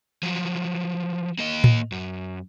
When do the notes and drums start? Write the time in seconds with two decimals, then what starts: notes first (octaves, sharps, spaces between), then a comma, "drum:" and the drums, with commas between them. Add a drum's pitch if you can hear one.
0.23 F3 F#3
1.39 A#3 D#5
1.64 drum: tom A2
1.92 F#2